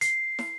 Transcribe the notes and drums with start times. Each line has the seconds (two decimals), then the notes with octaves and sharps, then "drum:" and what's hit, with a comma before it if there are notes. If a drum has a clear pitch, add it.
0.01 C7, drum: hi-hat
0.39 drum: snare